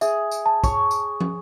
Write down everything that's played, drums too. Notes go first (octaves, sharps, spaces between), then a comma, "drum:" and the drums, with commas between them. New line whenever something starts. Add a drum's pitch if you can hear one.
G#4 E5, drum: tambourine
drum: tambourine
A5
C#5, drum: kick, tambourine
drum: tambourine
drum: tom